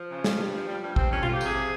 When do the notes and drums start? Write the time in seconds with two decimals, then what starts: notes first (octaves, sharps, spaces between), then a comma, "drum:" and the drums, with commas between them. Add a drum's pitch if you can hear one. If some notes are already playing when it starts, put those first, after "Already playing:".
Already playing: F3
0.10 C#3
0.24 G2, drum: snare
0.39 G2
0.53 F3
0.67 F3 G3
0.82 G2 G3
0.96 G2 C4, drum: kick A1
1.11 F2 C#4
1.23 F4, drum: tom B2
1.26 F2
1.34 G4
1.41 C3 G#4, drum: tambourine
1.55 F3